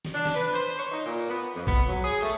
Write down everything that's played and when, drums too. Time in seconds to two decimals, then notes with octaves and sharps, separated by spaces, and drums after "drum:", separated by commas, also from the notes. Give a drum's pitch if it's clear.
0.05 drum: snare
0.14 D4
0.25 drum: snare
0.35 B4
0.53 C5
0.78 C#5
0.90 D#4
1.05 A#2
1.28 B3
1.54 F2
1.67 B3, drum: kick
1.87 F#3
2.03 G#4
2.22 A3, drum: clap